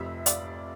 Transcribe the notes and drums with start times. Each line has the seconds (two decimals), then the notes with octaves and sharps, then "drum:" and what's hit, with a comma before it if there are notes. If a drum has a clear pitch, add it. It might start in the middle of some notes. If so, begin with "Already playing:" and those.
Already playing: F1 F2 C3 E5
0.26 D5 F5, drum: hi-hat